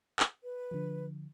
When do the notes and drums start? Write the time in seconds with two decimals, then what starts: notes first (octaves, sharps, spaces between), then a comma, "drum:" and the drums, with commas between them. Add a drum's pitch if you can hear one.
0.20 drum: clap
0.44 B4
0.71 D3 F3